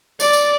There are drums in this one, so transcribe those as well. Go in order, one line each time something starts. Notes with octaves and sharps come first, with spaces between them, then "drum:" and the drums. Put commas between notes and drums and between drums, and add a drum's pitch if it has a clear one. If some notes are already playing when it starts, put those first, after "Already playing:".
D5, drum: tambourine
drum: tambourine